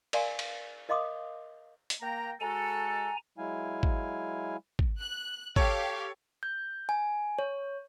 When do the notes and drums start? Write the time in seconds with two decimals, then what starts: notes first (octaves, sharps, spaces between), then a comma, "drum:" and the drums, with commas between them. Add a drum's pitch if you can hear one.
0.13 A#4 D5 F5 G#5 C6, drum: cymbal
0.39 drum: cymbal
0.89 A#4 D#5 F5 C6 D6 D#6
1.90 drum: hi-hat
2.01 A#3 G5 A#5
2.41 G#3 F#4 A4 G#5 A#5
3.38 F#3 G#3 E4 F5 G#5
3.83 drum: kick
4.79 drum: kick
5.01 F#6
5.56 G4 A4 C#5 F5, drum: kick
6.43 G6
6.89 G#5
7.39 C#5